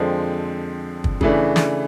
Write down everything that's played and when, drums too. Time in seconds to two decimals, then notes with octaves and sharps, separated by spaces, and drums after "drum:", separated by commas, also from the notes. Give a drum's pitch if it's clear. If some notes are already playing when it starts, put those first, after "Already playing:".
Already playing: F2 D3 F3 G#3 C4
1.04 drum: kick
1.21 C#3 E3 A3 D4, drum: kick
1.56 drum: snare